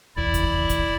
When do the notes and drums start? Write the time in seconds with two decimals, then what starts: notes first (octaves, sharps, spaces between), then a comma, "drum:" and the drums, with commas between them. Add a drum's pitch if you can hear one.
0.16 D1 A#1 E2 E4 D5
0.34 drum: kick, hi-hat
0.69 drum: kick, hi-hat